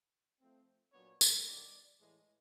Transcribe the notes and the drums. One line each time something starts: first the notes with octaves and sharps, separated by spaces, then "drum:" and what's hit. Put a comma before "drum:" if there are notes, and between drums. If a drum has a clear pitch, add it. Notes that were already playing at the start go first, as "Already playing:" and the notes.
F3 A3 C4
A#2 F#3 B3 D4 C#5
drum: tambourine
D#3 G3 B3 D4 D5
A2 E3 G#3